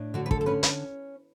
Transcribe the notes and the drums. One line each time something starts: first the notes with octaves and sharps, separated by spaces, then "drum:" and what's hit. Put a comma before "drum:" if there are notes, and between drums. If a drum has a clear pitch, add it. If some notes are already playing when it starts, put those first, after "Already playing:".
Already playing: A2 D4
D3 F#4
B4
A4, drum: kick
A4
C#4 B4
B4, drum: hi-hat